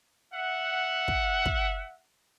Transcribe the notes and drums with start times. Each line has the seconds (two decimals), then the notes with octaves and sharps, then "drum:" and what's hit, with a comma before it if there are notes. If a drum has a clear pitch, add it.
0.33 E5 F#5
1.08 drum: kick
1.46 drum: kick